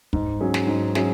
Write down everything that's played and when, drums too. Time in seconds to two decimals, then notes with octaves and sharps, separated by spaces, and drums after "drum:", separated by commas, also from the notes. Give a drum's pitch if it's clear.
0.13 G#2, drum: kick
0.40 F#3 C#4 G#4
0.54 drum: snare
0.67 G#2
0.95 F#3 C#4 G#4, drum: snare